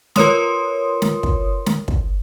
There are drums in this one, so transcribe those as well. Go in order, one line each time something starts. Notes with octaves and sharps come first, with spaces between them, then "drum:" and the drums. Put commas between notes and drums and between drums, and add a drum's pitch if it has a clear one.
F4 A#4 B4 C#5 C6 D#6, drum: snare
drum: snare
drum: kick
drum: snare
drum: kick